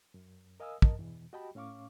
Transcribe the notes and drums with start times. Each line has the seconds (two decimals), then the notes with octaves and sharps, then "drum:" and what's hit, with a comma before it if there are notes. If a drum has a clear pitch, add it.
0.14 F#2
0.60 A#4 D#5 F5 G#5 D#6 E6
0.82 A#4 D#5 A5, drum: kick
0.99 E2 B2 E3
1.33 F#4 G4 D#5 G5 A5 B5
1.55 A2 C#4 F5 C#6 D6